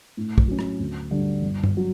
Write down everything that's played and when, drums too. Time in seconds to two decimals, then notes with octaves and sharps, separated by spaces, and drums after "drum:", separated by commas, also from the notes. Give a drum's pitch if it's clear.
0.17 A2
0.38 drum: kick
0.48 F#3 C#4
0.59 drum: rim click
0.79 D2
1.11 D3 G3
1.42 G1
1.63 drum: tom G2
1.77 F#3